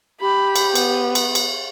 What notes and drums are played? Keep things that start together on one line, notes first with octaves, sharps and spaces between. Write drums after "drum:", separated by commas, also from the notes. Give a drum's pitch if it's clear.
G4 B5
drum: cymbal
B3, drum: cymbal
drum: cymbal
drum: cymbal